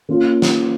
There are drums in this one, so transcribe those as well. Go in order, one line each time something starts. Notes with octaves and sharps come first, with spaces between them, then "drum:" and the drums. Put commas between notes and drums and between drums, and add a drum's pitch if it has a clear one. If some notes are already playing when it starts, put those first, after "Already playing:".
A#3 C#4 F4
drum: snare